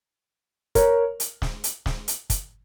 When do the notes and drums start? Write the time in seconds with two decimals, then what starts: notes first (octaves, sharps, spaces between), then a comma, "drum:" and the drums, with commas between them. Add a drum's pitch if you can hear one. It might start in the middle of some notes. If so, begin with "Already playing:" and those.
0.75 A#4 C#5, drum: kick, hi-hat
1.20 drum: hi-hat
1.42 drum: snare
1.64 drum: hi-hat
1.86 drum: snare
2.08 drum: hi-hat
2.30 drum: kick, hi-hat